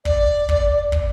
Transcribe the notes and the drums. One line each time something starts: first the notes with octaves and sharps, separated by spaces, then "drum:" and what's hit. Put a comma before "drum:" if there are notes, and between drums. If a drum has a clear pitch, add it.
D5, drum: kick
drum: kick
drum: kick